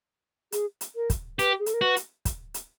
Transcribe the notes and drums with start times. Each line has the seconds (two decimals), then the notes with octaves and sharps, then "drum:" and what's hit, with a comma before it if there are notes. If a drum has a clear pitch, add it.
0.52 G#4, drum: hi-hat
0.81 drum: hi-hat
0.96 A#4
1.10 drum: kick, hi-hat
1.39 G4 B4, drum: hi-hat
1.59 G#4
1.66 A4, drum: hi-hat
1.74 A#4
1.81 F#4 B4
1.96 drum: hi-hat
2.25 drum: kick, hi-hat
2.54 drum: hi-hat